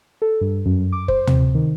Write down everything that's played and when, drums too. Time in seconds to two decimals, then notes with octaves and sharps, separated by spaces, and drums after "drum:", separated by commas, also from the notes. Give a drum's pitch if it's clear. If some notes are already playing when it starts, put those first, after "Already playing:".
0.22 A4
0.41 G2
0.66 F#2
0.92 D6
1.08 C5, drum: kick F#1
1.27 C3, drum: tom D2
1.55 D#3